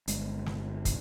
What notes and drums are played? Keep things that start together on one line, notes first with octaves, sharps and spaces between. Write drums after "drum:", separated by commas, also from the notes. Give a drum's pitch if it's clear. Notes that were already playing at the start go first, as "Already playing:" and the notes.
G1 G#3, drum: hi-hat
drum: snare
drum: kick, hi-hat